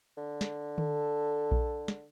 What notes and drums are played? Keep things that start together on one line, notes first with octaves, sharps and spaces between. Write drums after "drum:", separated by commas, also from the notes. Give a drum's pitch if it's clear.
D3
drum: snare
A4, drum: tom D3
drum: kick A#1
drum: snare